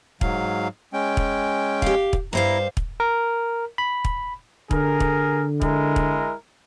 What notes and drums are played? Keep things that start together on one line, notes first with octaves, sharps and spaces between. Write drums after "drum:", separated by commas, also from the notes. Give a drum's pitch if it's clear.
G#2 F#3 F5, drum: kick
G#3 C#4 G5
drum: kick
G4 F5, drum: kick
drum: kick
G2 E4 C5 F5 A#5
drum: kick
A#4
B5
drum: kick
D3 G#4 A#4, drum: kick
drum: kick
G#3 E4 A#4, drum: kick
drum: kick